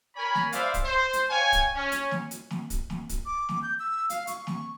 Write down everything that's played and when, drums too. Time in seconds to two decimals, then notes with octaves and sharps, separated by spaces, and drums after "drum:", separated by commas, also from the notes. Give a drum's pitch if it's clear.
0.16 A#4 C#5 G#5 B5
0.35 drum: snare
0.52 G#4 B4 C5 D5 E5 F5, drum: hi-hat
0.74 drum: kick, hi-hat
0.85 C5
1.13 drum: hi-hat
1.30 C#5 F5 G5 G#5
1.52 drum: kick, hi-hat
1.75 C#4
1.92 drum: hi-hat
2.11 drum: snare
2.31 drum: hi-hat
2.51 drum: snare
2.70 drum: kick, hi-hat
2.90 drum: snare
3.09 drum: kick, hi-hat
3.25 D6
3.49 drum: snare
3.62 G6
3.79 E6
4.10 F5, drum: hi-hat
4.27 C#6, drum: hi-hat
4.47 drum: snare